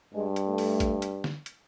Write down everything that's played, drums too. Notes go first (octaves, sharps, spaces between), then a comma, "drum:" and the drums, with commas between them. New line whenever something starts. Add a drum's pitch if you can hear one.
G2 G#3
drum: hi-hat
A3
drum: open hi-hat
drum: kick G#1, hi-hat
drum: hi-hat
drum: snare D3
drum: hi-hat